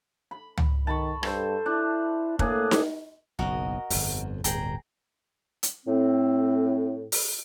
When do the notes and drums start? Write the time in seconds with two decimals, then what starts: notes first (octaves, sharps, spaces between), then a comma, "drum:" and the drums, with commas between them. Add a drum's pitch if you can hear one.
0.31 B5
0.57 drum: tom
0.87 D#3 A5 B5 C#6
1.23 G2 A4 C5, drum: rim click
1.66 D4 E4
2.39 A2 A#3 D4 G#4, drum: kick
2.71 drum: snare D#4
3.39 F#1 B1 F#4 A#4 D#5
3.90 G1 F2, drum: open hi-hat
4.44 D1 G1 G#4 G5 A#5, drum: hi-hat
5.63 drum: hi-hat
5.86 A2 C4
7.12 drum: open hi-hat